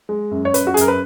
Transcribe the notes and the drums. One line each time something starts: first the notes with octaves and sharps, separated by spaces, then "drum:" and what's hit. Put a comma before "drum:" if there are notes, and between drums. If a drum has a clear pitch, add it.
G#3
F#2
C#5
F#2 B4, drum: hi-hat
F#4
G#4
F#2 A#4, drum: hi-hat
B4